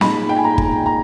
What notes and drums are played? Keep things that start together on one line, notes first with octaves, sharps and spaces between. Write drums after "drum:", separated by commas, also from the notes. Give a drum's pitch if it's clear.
A#2 G#3 D#4 B5, drum: snare
G5
G#5
A#5
drum: kick G1
A#5